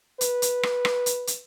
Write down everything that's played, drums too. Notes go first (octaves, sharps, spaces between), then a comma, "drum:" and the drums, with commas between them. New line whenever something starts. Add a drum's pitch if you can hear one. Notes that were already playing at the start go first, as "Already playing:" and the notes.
B4, drum: hi-hat
drum: hi-hat
drum: rim click
drum: rim click
drum: hi-hat
drum: hi-hat